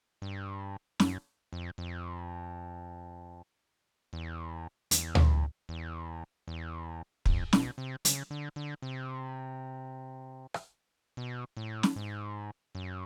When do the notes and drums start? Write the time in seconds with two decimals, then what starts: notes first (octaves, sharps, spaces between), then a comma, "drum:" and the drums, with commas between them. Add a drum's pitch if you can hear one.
0.22 G2
1.00 F#2, drum: snare
1.53 F2
1.78 F2
4.13 E2
4.91 E2, drum: hi-hat
5.15 drum: tom D2
5.69 E2
6.48 E2
7.26 F2, drum: kick
7.53 B2, drum: snare
7.78 C3
8.05 C#3, drum: hi-hat
8.31 D3
8.56 D3
8.82 C3
10.54 drum: rim click
11.17 B2
11.57 A2
11.83 drum: snare
11.96 G#2
12.75 F#2